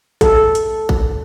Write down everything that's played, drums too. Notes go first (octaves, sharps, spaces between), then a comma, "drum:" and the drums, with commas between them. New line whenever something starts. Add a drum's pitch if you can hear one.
A4, drum: kick A1, hi-hat
drum: hi-hat
drum: kick A1